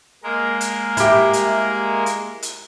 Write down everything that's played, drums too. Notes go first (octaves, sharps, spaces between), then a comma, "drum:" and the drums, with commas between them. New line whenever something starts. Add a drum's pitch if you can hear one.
G#3 A#3 A#4
drum: hi-hat
E4 G4, drum: hi-hat
drum: hi-hat
drum: hi-hat
drum: hi-hat